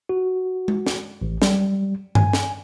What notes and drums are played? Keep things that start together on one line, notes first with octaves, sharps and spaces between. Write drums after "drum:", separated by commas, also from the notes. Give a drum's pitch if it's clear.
F#4
drum: tom G#3
drum: snare
A1
G3, drum: snare
G#5, drum: tom G2
drum: snare